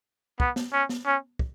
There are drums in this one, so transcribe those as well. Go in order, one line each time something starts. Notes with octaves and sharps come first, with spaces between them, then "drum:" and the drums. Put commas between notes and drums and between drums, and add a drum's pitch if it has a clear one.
B3, drum: kick
drum: snare B3
C#4
drum: snare B3
C#4
drum: kick